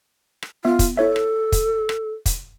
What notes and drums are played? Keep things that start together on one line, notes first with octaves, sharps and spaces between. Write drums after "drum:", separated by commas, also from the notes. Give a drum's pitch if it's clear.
drum: rim click
B3 F4 E5
drum: kick, hi-hat
E4 A4 C#5 E5
drum: rim click
drum: kick, hi-hat
drum: rim click
drum: kick, hi-hat